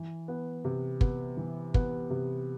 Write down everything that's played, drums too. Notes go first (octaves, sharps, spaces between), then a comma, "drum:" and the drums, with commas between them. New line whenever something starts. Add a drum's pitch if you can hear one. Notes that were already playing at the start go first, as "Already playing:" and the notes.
Already playing: E3
B3
C3
B3, drum: kick
E3
B3, drum: kick
C3